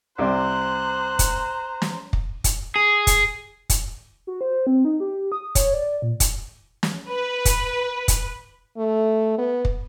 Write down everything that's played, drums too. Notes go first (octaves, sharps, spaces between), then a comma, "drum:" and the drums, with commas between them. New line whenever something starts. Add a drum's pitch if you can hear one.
C2 C3 C5 D5 A#5 F#6
drum: kick, hi-hat
drum: snare
drum: kick
drum: kick, hi-hat
G#4
drum: kick, hi-hat
drum: kick, hi-hat
F#4
C5
C4
D#4
G4
D#6
C#5, drum: kick, hi-hat
D5
A#2
drum: kick, hi-hat
drum: snare
B4
drum: kick, hi-hat
drum: kick, hi-hat
A3
B3
drum: kick